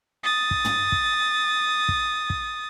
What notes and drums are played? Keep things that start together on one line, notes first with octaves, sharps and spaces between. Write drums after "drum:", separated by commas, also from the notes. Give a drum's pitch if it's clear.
D#6 A6
drum: kick
drum: tom
drum: kick
drum: kick
drum: kick